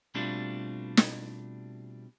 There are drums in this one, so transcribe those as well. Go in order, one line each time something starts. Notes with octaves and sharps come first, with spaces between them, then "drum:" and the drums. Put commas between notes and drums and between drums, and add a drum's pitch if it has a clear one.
B2 G3 A3 C4 D4 F4
drum: snare